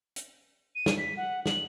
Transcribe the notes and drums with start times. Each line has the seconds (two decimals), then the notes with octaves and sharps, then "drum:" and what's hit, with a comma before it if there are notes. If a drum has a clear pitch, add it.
0.16 drum: hi-hat
0.75 D#7
0.86 drum: snare
0.98 B6
1.17 F#5
1.46 F#7, drum: snare